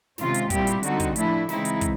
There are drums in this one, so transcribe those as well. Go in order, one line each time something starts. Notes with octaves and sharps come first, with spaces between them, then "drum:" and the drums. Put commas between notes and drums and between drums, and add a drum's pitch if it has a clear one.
C3 D#3 G#3 C#4 F4, drum: snare
drum: hi-hat
A#2 G3 C4 E4 G4, drum: kick, hi-hat
drum: hi-hat
D3 G3 C4 D#4 F#4, drum: hi-hat
drum: kick, hi-hat
A2 F3 A3 D4 E4, drum: hi-hat
C#3 E3 G#3 C4 D#4 E4, drum: snare
drum: hi-hat
drum: kick, hi-hat